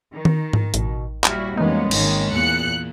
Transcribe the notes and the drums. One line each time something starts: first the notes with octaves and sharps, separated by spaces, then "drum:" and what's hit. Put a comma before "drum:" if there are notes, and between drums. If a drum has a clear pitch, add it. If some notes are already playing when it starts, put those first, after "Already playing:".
D#3
drum: tom D#3
drum: tom G#2
A1 B2, drum: hi-hat
D#2 A#2 G3 E4 F#4 F6, drum: clap
F2 E3 G3 G#3 A#3 B3 C#4 D#4
G#1 D#3 A#3 C#4, drum: cymbal
E2 A#2 A#3 F#6 C#7